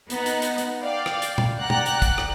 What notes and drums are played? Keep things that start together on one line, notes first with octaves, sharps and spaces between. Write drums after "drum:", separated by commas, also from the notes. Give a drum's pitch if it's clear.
B3 D#4 F#5, drum: hi-hat
drum: hi-hat
drum: hi-hat
drum: hi-hat
D5 F5 G5
drum: rim click
drum: hi-hat
drum: tom
D5 F#5 G5 A#5 F#6
drum: tom
drum: hi-hat
drum: kick, hi-hat
drum: rim click